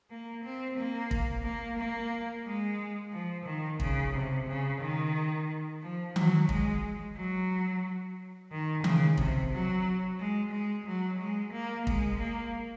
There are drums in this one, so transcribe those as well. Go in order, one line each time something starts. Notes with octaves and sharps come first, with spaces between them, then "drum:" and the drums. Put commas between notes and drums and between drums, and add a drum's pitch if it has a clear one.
A#3
C4
A#3
drum: kick
A#3
A#3
G#3
F3
D#3
C#3, drum: kick
C3
C#3
D#3
F3
F#3, drum: tom D#3
G#3, drum: kick
F#3
D#3
C#3, drum: tom D#3
C3, drum: kick
F#3
G#3
G#3
F#3
G#3
A#3
G#3, drum: kick
A#3